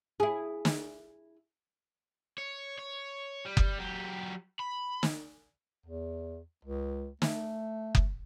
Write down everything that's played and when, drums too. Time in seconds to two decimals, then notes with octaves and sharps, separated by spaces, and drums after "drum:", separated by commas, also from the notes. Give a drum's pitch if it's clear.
0.20 E4 G#4
0.65 drum: snare
2.38 C#5
2.78 C#5
3.45 G3
3.57 drum: kick F#1
3.78 F#3 G4
4.60 B5
5.03 drum: snare
5.86 E2
6.65 C#2
7.22 A3, drum: snare
7.95 drum: kick F#1